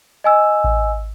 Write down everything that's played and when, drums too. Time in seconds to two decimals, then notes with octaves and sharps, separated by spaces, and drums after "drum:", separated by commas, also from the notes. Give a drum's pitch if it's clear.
0.24 D#5 G#5 E6
0.64 drum: kick A1